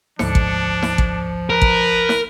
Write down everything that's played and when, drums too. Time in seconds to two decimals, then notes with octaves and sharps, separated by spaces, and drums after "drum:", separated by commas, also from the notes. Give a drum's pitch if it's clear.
0.19 D2 G#2 F3 D4 C#7, drum: snare
0.35 drum: kick
0.82 drum: snare
0.98 drum: kick
1.50 A#4 B4
1.62 drum: kick
2.09 drum: snare